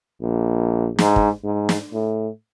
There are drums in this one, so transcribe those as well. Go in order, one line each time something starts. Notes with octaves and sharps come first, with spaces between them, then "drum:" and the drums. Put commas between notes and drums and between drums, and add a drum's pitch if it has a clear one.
A#1
G#2, drum: snare
drum: kick
G#2
drum: snare
A2